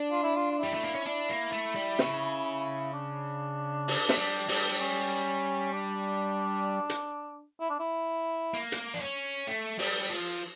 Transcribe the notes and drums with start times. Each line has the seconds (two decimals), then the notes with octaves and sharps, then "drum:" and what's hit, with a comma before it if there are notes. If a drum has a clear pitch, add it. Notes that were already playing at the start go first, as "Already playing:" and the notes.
Already playing: D4
0.12 F4
0.23 E4
0.35 F4
0.51 F4
0.59 G3 E4
0.74 A3
0.84 A#3
0.95 C#4
1.05 D4 E4
1.29 A#3
1.52 A3
1.75 G3
1.99 C#3, drum: snare
2.93 D4
3.88 drum: open hi-hat
4.09 A3, drum: snare
4.17 G3
4.48 G3, drum: open hi-hat
4.79 C#4
5.73 D4
6.90 drum: hi-hat
7.60 E4
7.70 D4
7.79 E4
8.54 A#3
8.72 drum: hi-hat
8.94 D4
9.01 C#4
9.48 A3
9.79 G3, drum: open hi-hat
10.10 F3